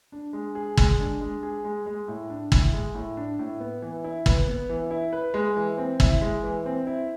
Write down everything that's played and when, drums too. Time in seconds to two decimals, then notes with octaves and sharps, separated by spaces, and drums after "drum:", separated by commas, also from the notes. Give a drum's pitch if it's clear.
0.12 D4
0.33 G#3
0.55 G#4
0.77 G#3, drum: kick
0.99 D4
1.21 G#3
1.43 G#4
1.64 G#3
1.86 G#3
2.08 A2
2.30 D4
2.52 A2, drum: kick
2.73 G#3
2.95 A2
3.17 D4
3.39 A2
3.60 B3
3.82 E3
4.04 E4
4.26 B4, drum: kick
4.47 B3
4.69 E3
4.91 E4
5.13 B4
5.34 G#3
5.56 E3
5.78 C4
6.00 E4, drum: kick
6.21 G#3
6.43 E3
6.66 C4
6.87 E4